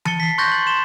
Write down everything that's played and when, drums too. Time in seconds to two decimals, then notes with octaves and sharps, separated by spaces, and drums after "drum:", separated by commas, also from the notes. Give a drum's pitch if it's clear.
0.05 A5 A6 C#7 G7, drum: tom E3
0.20 B6 C7
0.38 C6 C#6 F#6 G6 A6 A#6
0.52 A6 F#7
0.66 C6 E7 G7